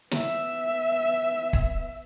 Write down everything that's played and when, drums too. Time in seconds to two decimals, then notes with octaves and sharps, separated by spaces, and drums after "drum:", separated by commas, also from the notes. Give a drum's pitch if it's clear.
0.11 B3 E5, drum: snare
1.53 drum: kick